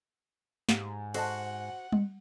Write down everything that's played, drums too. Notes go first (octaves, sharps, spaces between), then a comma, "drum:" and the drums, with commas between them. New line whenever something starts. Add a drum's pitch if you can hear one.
G#2 G4 F5 F#5, drum: snare
F#4 A4 C5 D#5 F#5 A5, drum: cymbal
drum: tom G3